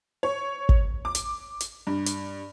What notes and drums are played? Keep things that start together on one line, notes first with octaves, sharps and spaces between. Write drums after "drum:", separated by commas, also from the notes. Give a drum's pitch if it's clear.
C#5
drum: kick
D6
drum: hi-hat
drum: hi-hat
G2
drum: hi-hat